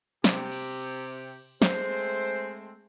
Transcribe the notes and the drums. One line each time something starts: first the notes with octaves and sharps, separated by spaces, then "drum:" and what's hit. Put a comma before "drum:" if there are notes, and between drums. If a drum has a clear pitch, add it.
C3 G4, drum: snare
drum: cymbal
G#3 A3 C4 C5, drum: snare